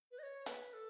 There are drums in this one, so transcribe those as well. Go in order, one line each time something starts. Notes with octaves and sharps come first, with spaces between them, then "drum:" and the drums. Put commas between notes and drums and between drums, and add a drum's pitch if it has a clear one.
B4
D#5
C#5
B4, drum: hi-hat
A4